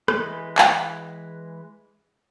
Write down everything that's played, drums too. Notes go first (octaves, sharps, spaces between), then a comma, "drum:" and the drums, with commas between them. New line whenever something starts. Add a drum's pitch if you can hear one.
E3 G#3 B4, drum: rim click
drum: clap